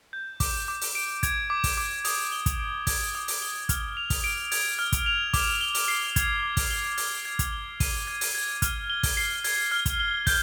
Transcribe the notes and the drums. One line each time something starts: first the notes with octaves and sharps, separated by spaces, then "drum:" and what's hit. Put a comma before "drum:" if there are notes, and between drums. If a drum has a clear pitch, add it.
G6
D6, drum: kick, open hi-hat
D6
drum: open hi-hat
D7
G#6, drum: kick, hi-hat
D6
drum: kick, open hi-hat
D6
D#6, drum: open hi-hat
G7
drum: kick, hi-hat
D7
G#6, drum: kick, open hi-hat
D#6
drum: open hi-hat
G7
F6, drum: kick, hi-hat
F7
drum: kick, open hi-hat
D7
G#6, drum: open hi-hat
F6
drum: kick, hi-hat
F7
D6, drum: kick, open hi-hat
G7
drum: open hi-hat
C7
G#6, drum: kick, hi-hat
D6
drum: kick, open hi-hat
G7
G#6, drum: open hi-hat
G#6
drum: kick, hi-hat
G7
D#7, drum: kick, open hi-hat
G#6
drum: open hi-hat
G#6
F6, drum: kick, hi-hat
G7
drum: kick, open hi-hat
C7
G#6, drum: open hi-hat
F6
drum: kick, hi-hat
G7
G6, drum: kick, open hi-hat